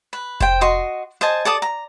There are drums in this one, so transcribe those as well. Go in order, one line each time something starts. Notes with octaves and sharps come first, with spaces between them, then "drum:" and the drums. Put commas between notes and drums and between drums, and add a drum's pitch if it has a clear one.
B4
C5 G5, drum: kick F1
F#4 D#5 C6
C5 D#5 G#5 A5
A4 D5 A5 D#6
A#5